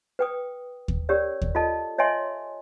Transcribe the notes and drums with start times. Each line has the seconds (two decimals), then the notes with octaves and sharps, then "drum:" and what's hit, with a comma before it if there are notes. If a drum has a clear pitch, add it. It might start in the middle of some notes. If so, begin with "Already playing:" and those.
0.19 B4 G5 D#6
0.88 drum: kick D#2
1.09 C#4 G4 A#4 C#5 D5
1.42 drum: kick D#2
1.55 F4 A4 D#5 A5
1.98 C#5 D#5 E5 G#5 C6